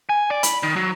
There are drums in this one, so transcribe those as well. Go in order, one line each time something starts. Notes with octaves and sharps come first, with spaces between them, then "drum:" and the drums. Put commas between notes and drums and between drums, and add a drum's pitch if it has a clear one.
G#5
D5
B5, drum: hi-hat
D#3
F#3